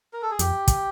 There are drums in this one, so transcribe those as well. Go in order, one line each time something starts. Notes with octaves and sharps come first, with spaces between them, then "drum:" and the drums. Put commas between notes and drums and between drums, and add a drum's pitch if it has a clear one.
A#4
A4
G#4
F2 G4, drum: hi-hat
drum: kick, hi-hat